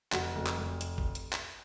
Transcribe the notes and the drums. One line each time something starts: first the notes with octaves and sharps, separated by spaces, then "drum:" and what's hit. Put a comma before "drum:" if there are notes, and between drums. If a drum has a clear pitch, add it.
F1 F#4, drum: clap
F1
drum: clap
F1
drum: hi-hat
drum: kick
drum: hi-hat
drum: clap